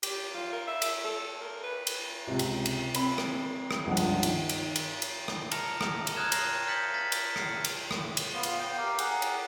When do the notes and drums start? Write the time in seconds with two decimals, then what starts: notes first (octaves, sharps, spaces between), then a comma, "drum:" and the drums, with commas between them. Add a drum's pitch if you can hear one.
0.03 G4, drum: cymbal
0.34 F4
0.53 A#4
0.68 E5
0.82 drum: cymbal
1.04 A4
1.42 A#4
1.64 B4
1.87 drum: cymbal
2.27 C#2 C3
2.39 drum: cymbal
2.66 drum: cymbal
2.94 C4 B5, drum: cymbal
3.18 drum: rim click
3.71 drum: rim click
3.86 G1 C#2 F3 D4 F#5
3.97 drum: cymbal
4.23 D#3, drum: cymbal
4.49 drum: cymbal
4.76 drum: cymbal
5.02 drum: cymbal
5.28 drum: rim click
5.51 A5 A#5 F6 A#6 C#7 F7, drum: cymbal
5.81 drum: rim click
6.07 drum: cymbal
6.16 A#5 D#6 F6 F#6 G#6 E7
6.32 A#6 C7, drum: cymbal
6.68 F6 G6 A6 B6 C#7 F#7
6.94 A6 B6
7.12 drum: cymbal
7.36 F6 C7 C#7, drum: rim click
7.65 drum: cymbal
7.91 drum: rim click
8.17 drum: cymbal
8.34 B3 F4
8.43 drum: cymbal
8.59 G5
8.78 G4 A#4 F5
8.99 G#4 A#4 F#5, drum: cymbal
9.22 drum: cymbal